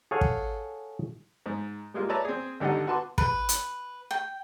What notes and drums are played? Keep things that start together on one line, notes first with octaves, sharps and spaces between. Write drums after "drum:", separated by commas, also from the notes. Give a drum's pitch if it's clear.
G#4 A4 C#5 F5 F#5 G#5
drum: kick
G#2
G3 G#3 A#3 F4
B4 C#5 D5 E5 A5 A#5
C4 G#4
G#1 D3 G3 D#4 A4 F#5
F#4 B4 A5 C6 D6
B4, drum: kick
drum: hi-hat
G5